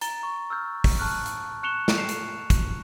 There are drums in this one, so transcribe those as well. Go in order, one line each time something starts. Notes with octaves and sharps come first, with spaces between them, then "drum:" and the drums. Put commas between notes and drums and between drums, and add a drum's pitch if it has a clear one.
A#5 A6 G7, drum: hi-hat
C#6
E6 F6 G6
drum: kick, open hi-hat
A5 C#6 F6 F#6
drum: hi-hat
C#6 F#6 C#7 E7 F7 G7
drum: snare
C7 E7 F7
drum: hi-hat
drum: kick, hi-hat